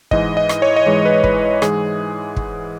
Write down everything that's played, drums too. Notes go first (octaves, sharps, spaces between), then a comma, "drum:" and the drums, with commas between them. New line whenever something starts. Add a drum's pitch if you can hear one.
G#2 E3 G#3 D#5, drum: kick
D#5
drum: rim click
C#5
D#5
G#2 E3 G#3 C#5
B4
B4, drum: kick
G#2 E3 G#3 G#4, drum: rim click
drum: kick